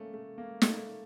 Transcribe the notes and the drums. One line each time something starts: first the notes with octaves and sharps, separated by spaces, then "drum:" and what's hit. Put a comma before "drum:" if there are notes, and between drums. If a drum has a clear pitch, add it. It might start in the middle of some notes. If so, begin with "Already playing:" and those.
Already playing: A3 A#3 C#4
A3
A#3
A3, drum: snare